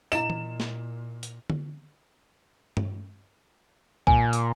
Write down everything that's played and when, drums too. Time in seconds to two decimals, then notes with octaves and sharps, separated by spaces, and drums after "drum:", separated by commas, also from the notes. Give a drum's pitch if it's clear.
0.12 A#2 E4 D#5 E7, drum: tambourine
0.30 drum: tom E3
0.60 drum: snare
1.23 drum: hi-hat
1.50 drum: tom D3
2.77 drum: tom G2
4.07 A#2 G#5, drum: kick B1
4.33 drum: hi-hat